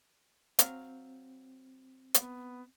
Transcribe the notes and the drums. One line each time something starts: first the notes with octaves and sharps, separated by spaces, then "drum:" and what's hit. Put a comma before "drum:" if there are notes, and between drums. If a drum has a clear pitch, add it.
F#3 C4 F5, drum: hi-hat
B3, drum: hi-hat